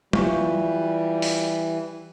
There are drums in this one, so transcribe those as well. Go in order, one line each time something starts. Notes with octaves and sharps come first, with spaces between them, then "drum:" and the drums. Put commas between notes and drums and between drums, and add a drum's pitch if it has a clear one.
E3 G3 F4 G4 C#6, drum: tom F#3
drum: open hi-hat